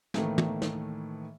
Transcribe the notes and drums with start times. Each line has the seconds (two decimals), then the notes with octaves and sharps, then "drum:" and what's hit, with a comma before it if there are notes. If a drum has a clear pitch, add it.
0.14 A2 D#3 E3 A3 A#3, drum: snare
0.38 drum: tom
0.62 drum: snare